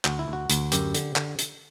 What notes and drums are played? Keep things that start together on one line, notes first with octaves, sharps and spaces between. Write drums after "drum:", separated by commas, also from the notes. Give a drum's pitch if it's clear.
D2 F#4, drum: clap
E4
D2 F#4
D2, drum: hi-hat
F#2 G4, drum: hi-hat
D3, drum: hi-hat
D3, drum: clap
drum: hi-hat